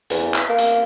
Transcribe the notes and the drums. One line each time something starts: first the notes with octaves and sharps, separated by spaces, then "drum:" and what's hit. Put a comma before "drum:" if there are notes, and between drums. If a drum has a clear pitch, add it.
E2, drum: hi-hat
drum: clap
A#3
drum: hi-hat